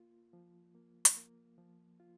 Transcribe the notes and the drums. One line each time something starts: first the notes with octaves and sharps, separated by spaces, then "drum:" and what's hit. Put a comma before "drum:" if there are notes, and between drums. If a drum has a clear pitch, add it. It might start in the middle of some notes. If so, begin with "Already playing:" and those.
Already playing: A#3 F4
F3
A#3
drum: hi-hat
A#3
F3
F4